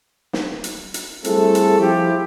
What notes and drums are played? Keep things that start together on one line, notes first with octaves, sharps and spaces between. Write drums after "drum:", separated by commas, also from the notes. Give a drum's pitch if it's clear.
drum: snare
drum: hi-hat
drum: hi-hat
G3 A3 C4 E4 G#4 A4, drum: hi-hat
drum: hi-hat
F3 E4 G4